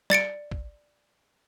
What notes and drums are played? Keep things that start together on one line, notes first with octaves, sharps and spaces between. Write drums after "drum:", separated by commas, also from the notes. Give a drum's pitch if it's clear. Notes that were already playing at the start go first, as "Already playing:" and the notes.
D5 A6 C#7 D7, drum: snare
drum: kick